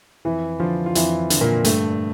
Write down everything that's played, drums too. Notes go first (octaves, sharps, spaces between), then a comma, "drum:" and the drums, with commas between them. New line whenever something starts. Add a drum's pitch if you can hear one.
F2 E3 E4
D3 F3 F4
F4
F2 E3 E4, drum: hi-hat
D3, drum: hi-hat
A#2 A#3
G2 A3, drum: hi-hat